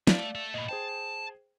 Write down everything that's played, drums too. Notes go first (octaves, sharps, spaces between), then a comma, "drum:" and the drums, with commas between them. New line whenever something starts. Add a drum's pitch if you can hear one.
A3 D5 F5 D7, drum: snare
A4 E5
A#2 A3 D#5 B5
G#4 C5 G5 A5